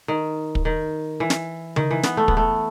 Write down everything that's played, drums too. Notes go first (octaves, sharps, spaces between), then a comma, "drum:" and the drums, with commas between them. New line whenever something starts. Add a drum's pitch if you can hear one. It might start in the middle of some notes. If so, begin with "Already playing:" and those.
D#3
drum: kick
D#3
E3
drum: snare
D#3, drum: tom C#3
E3
B3, drum: snare
A3
B3, drum: kick
A3